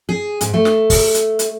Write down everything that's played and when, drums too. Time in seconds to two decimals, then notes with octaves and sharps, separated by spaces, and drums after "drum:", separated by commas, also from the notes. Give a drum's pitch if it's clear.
0.09 G#4
0.41 G#2, drum: hi-hat
0.54 A3
0.65 drum: snare
0.90 drum: kick, open hi-hat
1.14 drum: hi-hat
1.39 drum: hi-hat